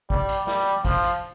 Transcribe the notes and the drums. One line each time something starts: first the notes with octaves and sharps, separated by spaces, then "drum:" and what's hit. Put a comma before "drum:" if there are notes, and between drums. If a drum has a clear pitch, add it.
G3, drum: kick
drum: hi-hat
G3, drum: snare
F3, drum: kick, hi-hat
drum: hi-hat